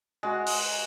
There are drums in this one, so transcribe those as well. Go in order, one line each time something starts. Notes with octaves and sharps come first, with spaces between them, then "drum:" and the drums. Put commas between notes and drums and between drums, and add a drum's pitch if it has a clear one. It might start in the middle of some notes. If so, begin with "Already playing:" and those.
G#3 F#4
drum: open hi-hat